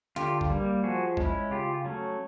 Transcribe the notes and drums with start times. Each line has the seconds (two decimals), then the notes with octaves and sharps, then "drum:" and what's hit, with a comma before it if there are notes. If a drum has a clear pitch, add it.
0.16 D3 F4 G4, drum: hi-hat
0.41 drum: kick A1
0.50 G3 A#3
0.83 F3 F#4 G#4
1.17 G#3 C#4 E4, drum: kick A1
1.51 C#3 F4 G4
1.85 F#3 A3 C#4